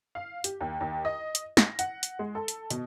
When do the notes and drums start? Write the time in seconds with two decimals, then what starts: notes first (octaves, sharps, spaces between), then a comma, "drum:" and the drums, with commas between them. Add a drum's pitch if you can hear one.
0.15 F5
0.44 G4, drum: hi-hat
0.61 D#2
0.81 D#2
1.05 D#5
1.35 drum: hi-hat
1.57 A#6, drum: snare
1.79 F#5, drum: hi-hat
2.03 drum: hi-hat
2.19 G#3
2.35 A4
2.48 drum: hi-hat
2.70 B2, drum: hi-hat